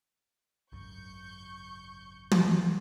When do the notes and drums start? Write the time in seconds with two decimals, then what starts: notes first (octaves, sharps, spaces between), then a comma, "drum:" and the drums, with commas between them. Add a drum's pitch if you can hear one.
0.72 G#1 C#2 F#2 C#6 G6
2.31 drum: tom